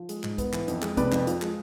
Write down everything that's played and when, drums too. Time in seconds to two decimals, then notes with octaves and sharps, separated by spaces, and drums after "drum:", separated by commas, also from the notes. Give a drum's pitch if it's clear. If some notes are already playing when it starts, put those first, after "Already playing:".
Already playing: F3
0.09 G#3, drum: hi-hat
0.24 G#2, drum: clap
0.38 B3, drum: kick, hi-hat
0.53 E3, drum: clap
0.68 F2, drum: hi-hat
0.82 G#3, drum: clap
0.97 C3 B4 D5, drum: kick, hi-hat
1.12 F2, drum: clap
1.27 F3, drum: hi-hat
1.42 G#3, drum: clap